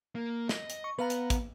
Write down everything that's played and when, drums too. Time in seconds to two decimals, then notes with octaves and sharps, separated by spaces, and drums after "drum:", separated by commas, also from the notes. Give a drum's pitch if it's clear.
0.15 A#3
0.49 D#5, drum: snare
0.70 drum: hi-hat
0.84 C#6
0.99 B3 B4 F5 A#5
1.10 drum: hi-hat
1.30 drum: kick, hi-hat